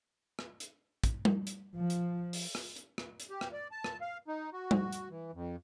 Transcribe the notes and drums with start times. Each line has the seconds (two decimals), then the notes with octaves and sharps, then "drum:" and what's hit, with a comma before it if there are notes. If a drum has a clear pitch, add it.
0.39 drum: rim click
0.60 drum: hi-hat
1.04 drum: kick, hi-hat
1.25 drum: tom G3
1.47 drum: hi-hat
1.74 F3
1.90 drum: hi-hat
2.33 drum: open hi-hat
2.55 drum: rim click
2.76 drum: hi-hat
2.98 drum: rim click
3.20 drum: hi-hat
3.30 G4
3.41 drum: rim click
3.53 D5
3.71 A5
3.84 drum: rim click
4.01 F5
4.28 D#4
4.53 F#4
4.71 drum: tom G3
4.92 drum: hi-hat
5.10 E3
5.34 F2